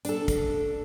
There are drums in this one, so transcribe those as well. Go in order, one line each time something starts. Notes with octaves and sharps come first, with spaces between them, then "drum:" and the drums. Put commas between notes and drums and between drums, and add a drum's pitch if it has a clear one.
D4 A4, drum: hi-hat
drum: kick, hi-hat